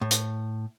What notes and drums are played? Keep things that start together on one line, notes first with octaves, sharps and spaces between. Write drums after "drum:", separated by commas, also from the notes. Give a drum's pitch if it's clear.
A2
drum: hi-hat